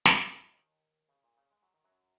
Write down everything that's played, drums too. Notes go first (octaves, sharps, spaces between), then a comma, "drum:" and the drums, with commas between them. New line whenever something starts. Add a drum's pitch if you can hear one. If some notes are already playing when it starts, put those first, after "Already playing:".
drum: snare
G#3 G#4
F#2 F#3
D#2 D#3
C#3
A#2
C#3
G#3
F#3
D#3
F#2 F#3